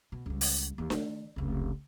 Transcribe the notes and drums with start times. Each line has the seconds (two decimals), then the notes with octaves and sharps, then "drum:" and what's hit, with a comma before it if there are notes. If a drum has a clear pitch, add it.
0.12 B2
0.26 C#2 G3
0.41 drum: open hi-hat
0.78 D#2 E3
0.90 D#3 A3, drum: snare D4
1.36 F1 C#2